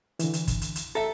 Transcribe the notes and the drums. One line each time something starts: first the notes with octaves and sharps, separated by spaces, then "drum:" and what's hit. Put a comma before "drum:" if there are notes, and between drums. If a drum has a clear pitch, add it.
D3 E3, drum: hi-hat
drum: hi-hat
drum: kick, hi-hat
drum: hi-hat
drum: hi-hat
A4 E5 A#5